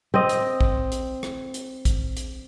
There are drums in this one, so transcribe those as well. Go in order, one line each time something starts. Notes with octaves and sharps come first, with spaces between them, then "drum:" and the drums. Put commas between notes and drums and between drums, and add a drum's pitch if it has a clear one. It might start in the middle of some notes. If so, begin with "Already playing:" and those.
C4 D#5
drum: hi-hat
drum: kick
drum: hi-hat
drum: rim click
drum: hi-hat
drum: kick, hi-hat
drum: hi-hat